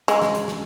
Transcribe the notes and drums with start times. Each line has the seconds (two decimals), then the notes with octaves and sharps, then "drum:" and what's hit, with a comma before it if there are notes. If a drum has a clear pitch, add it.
0.08 G#3, drum: hi-hat
0.22 drum: snare
0.35 drum: hi-hat
0.48 drum: snare